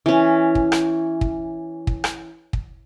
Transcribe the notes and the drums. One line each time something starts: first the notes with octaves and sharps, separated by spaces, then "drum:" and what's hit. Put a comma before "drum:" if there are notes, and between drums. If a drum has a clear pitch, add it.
E3 C#4
drum: kick
drum: rim click
drum: kick
drum: kick
drum: rim click
drum: kick